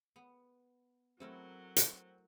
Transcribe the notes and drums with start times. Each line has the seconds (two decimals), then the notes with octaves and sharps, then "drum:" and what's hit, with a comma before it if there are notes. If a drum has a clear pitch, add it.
0.16 B3
1.20 F#3 A3 C4 E4 A#4
1.76 drum: hi-hat